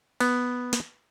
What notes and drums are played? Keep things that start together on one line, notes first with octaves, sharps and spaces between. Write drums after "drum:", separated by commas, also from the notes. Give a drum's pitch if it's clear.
B3, drum: cymbal
drum: snare